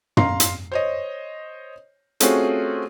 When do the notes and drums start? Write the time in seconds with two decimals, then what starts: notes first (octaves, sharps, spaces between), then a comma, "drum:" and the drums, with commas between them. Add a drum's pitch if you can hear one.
0.17 F5 A#5 C6, drum: tom
0.40 drum: hi-hat
0.72 C5 C#5 D#5
2.20 A3 C4 C#4 F4 F#4 G#4, drum: hi-hat